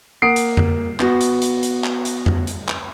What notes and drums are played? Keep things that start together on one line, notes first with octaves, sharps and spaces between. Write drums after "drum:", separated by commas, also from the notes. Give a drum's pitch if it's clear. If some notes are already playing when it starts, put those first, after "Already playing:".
A#3 F#5 D#6 C7 D7
drum: hi-hat
drum: tom F2
B3 F#4, drum: clap
drum: hi-hat
drum: hi-hat
drum: hi-hat
drum: clap
drum: hi-hat
drum: tom F2
drum: hi-hat
drum: clap